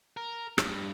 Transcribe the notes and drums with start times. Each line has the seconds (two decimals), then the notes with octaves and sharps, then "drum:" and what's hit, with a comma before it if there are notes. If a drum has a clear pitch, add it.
0.17 A#4
0.58 G2, drum: rim click